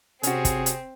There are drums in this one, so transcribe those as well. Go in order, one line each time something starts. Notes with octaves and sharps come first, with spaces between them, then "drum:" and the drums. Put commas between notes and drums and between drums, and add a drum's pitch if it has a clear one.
C3 C4 C#4 F#4 G#4, drum: hi-hat
drum: kick, hi-hat
drum: hi-hat